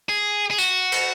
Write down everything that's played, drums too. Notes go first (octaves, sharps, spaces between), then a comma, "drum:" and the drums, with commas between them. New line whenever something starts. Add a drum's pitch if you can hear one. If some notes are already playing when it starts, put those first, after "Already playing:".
G#4
G#4
F#4, drum: tambourine
drum: cymbal